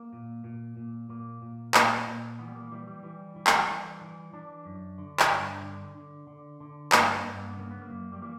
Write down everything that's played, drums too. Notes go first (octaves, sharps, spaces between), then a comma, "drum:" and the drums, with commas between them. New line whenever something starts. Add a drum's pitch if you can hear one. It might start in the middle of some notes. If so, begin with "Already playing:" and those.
Already playing: A#3
A#2
A#2
A#2
A#2 A#3
A#2
A#2, drum: clap
A#2
E3 B3
G3
A#3
E3 G3
G3
E3 G3
E3
drum: clap
E3
E3
E3 D4
F#2
D3
drum: clap
G2
D3
D3
D3
D3
G2 A#3, drum: clap
B3
A#3
G2 B3
A#3
B3
C#3 A#3
B3
A#3
F#2
G3
E3 A#3